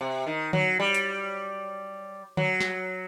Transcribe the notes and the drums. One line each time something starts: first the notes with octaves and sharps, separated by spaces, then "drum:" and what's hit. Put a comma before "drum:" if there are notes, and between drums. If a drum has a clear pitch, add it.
C3
D#3
F#3, drum: tom D3
G3
drum: hi-hat
F#3, drum: tom D3
drum: snare